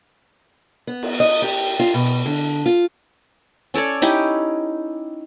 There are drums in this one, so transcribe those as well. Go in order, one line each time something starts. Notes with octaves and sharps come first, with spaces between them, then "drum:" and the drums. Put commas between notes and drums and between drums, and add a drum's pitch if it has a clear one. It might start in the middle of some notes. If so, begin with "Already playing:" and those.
B3
drum: cymbal
D#5
G4
F4
B2
drum: hi-hat
D3
F4
C#4 A4 C#5 D5
C#4 D#4 E4 G4